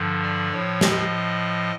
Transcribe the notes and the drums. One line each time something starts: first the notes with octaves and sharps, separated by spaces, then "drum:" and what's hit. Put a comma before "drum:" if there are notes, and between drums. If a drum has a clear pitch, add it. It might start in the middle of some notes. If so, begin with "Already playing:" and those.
Already playing: G2 D3 F3
D5
A2 F3 C#5
D#5, drum: snare